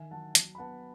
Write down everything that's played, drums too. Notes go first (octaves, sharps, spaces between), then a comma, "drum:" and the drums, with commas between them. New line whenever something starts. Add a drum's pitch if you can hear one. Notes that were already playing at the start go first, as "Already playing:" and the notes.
Already playing: D#3 E5 G#5
F#3 F#5 A5
F#3, drum: hi-hat
B5
B3 F#5 A5